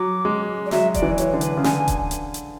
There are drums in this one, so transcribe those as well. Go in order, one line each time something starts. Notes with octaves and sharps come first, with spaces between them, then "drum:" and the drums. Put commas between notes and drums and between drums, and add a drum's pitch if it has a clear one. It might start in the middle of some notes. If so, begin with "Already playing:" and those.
Already playing: F#3 D6
G#3
D5
F#3 E5, drum: snare
D5, drum: kick D#1, hi-hat
E3
C#5, drum: hi-hat
D3
B4, drum: hi-hat
C#3
D3 G#5, drum: snare
drum: kick D#1, hi-hat
drum: hi-hat
drum: hi-hat